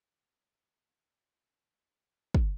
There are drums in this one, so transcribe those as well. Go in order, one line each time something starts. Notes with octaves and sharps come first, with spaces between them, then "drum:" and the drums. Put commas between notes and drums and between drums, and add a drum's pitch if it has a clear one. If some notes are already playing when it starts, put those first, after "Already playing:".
Already playing: C#5
F2 E3 G3
drum: kick